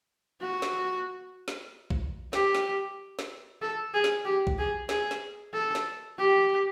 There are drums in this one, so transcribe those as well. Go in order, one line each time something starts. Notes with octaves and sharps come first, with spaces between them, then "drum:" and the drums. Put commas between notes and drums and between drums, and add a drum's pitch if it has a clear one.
F#4
drum: snare
drum: snare
drum: kick A#1
G4, drum: snare
drum: snare
drum: snare
A4
G#4
drum: snare
G4
drum: kick A#1
G#4
G#4, drum: snare
drum: snare
A4
drum: snare
G4